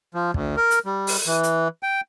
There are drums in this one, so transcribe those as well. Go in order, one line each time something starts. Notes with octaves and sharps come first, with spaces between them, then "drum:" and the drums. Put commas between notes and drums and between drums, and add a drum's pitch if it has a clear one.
F3
D2, drum: kick
A#4
drum: hi-hat
G3
drum: open hi-hat
E3
drum: hi-hat
G5